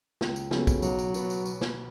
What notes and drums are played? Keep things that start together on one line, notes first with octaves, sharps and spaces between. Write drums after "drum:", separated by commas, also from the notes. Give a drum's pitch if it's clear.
C#2, drum: snare
drum: tambourine
C#3 F#3 B3 A4, drum: snare
drum: kick, tambourine
B1 F#3, drum: tambourine
drum: tambourine
B2 B3, drum: tambourine
drum: tambourine
drum: tambourine
drum: snare